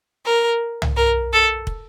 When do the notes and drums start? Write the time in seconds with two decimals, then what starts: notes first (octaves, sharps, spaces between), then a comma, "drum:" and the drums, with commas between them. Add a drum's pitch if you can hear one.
0.26 A#4
0.82 drum: tom C2
0.97 A#4
1.33 A4
1.67 drum: kick